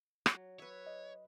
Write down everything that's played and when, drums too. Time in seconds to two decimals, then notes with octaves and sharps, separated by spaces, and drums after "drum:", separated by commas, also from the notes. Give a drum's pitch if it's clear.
0.26 F#3, drum: rim click
0.59 B4 C#5 E5
0.87 D#5